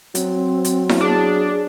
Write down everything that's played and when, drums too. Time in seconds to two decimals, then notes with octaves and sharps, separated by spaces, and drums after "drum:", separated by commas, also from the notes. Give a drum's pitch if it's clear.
0.15 F#3 C4, drum: hi-hat
0.65 drum: hi-hat
0.89 drum: snare E4
1.01 D4 G#4